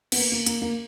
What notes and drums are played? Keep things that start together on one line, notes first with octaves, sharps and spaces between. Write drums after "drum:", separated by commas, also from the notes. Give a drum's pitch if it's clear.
B3, drum: cymbal
A#3
A#3
A#3, drum: hi-hat
A#3